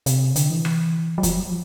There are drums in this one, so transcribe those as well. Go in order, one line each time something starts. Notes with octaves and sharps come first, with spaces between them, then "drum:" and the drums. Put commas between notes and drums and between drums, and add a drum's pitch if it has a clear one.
C3, drum: hi-hat
D3, drum: hi-hat
E3
drum: rim click
F#3
F3, drum: kick, hi-hat